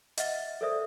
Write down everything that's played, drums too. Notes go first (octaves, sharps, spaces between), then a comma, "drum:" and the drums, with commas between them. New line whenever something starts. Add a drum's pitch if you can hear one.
D#5 E5 F#5 F6 A6 G7, drum: hi-hat
A4 A#4 C5 D5 E5 D#6